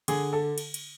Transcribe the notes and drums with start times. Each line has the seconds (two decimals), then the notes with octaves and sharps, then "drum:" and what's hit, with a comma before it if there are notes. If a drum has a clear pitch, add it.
0.08 D3 G#4, drum: cymbal
0.33 A4
0.58 drum: cymbal
0.74 drum: cymbal